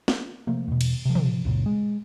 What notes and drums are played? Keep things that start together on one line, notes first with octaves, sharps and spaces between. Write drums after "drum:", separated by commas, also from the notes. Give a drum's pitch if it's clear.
drum: snare
C3 F3 A3 A#3
E2 B2
drum: cymbal
C3 F3
drum: tom
C#2 F#2 A#2 C#3
G#3